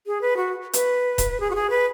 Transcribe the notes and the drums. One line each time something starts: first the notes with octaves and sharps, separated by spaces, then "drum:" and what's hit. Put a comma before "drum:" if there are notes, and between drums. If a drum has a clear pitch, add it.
G#4
B4
F#4
B4, drum: hi-hat
drum: kick D#1, hi-hat
G#4
F#4
G#4
B4